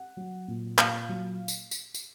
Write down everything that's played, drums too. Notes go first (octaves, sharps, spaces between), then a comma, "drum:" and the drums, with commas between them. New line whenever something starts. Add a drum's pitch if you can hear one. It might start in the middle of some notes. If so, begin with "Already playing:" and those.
Already playing: F#5
F#3
A#2
A#2 F5, drum: clap
F#3
drum: tambourine
drum: tambourine
drum: tambourine